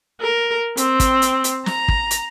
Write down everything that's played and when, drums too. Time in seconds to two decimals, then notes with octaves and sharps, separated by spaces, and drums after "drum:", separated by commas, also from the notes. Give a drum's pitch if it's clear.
0.21 A#4
0.77 C4, drum: hi-hat
1.00 drum: kick, hi-hat
1.22 drum: hi-hat
1.44 drum: hi-hat
1.66 A#5, drum: snare
1.88 drum: kick
2.11 drum: hi-hat